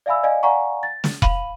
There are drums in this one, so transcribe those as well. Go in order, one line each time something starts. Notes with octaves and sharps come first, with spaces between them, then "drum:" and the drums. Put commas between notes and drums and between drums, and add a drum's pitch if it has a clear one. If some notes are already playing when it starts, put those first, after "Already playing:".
D5 E5 F5 G#5 B5 E6
D5 D#5 F5 G#5
D5 F5 F#5 G#5 A#5 C#6
A6
drum: snare
F5 B5 D#7 F#7, drum: kick E1